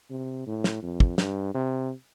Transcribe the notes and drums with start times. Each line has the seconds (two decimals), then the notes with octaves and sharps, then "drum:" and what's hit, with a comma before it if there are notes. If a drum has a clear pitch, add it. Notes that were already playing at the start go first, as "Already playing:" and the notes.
0.10 C3
0.47 A2
0.64 drum: snare
0.82 F2
1.00 drum: kick
1.18 G2, drum: snare
1.54 C3